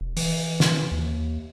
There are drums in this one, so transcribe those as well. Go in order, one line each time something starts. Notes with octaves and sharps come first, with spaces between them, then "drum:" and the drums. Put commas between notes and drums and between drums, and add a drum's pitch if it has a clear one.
E1
E3, drum: open hi-hat
drum: snare
D#2